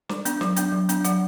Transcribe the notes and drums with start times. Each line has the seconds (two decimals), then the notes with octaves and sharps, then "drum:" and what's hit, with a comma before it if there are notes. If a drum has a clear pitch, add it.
0.09 G3, drum: snare
0.25 B3 D4, drum: hi-hat
0.41 F#3, drum: snare
0.56 B3 D4, drum: hi-hat
0.72 F#3
0.89 B3 D4, drum: hi-hat
1.04 F#3 F#5, drum: hi-hat